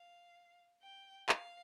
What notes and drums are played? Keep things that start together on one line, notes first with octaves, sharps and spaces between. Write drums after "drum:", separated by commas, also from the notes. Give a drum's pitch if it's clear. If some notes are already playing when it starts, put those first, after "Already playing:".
Already playing: F5
G5
F5, drum: clap